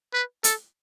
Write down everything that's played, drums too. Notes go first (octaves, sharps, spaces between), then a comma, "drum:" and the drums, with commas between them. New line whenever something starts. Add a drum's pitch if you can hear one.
B4
A4, drum: hi-hat